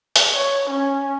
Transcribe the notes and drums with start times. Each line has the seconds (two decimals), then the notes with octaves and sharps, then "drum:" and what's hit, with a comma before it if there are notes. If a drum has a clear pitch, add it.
0.16 drum: hi-hat
0.34 C#5
0.70 C#4